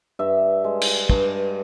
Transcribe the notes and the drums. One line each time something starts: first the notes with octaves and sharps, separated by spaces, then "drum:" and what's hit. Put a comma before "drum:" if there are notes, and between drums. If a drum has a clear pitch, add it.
G2 E5
G#3
drum: cymbal
G2, drum: kick